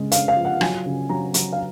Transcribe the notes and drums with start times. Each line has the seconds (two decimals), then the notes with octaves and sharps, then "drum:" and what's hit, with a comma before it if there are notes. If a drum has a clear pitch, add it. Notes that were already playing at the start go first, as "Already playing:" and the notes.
Already playing: C#3 G#3
0.12 C#3 F5, drum: hi-hat
0.28 F5
0.36 F3
0.45 F#5
0.61 F#3 G#5, drum: rim click
0.86 C#3
1.09 F#3 A#5
1.34 F#3, drum: hi-hat
1.53 F5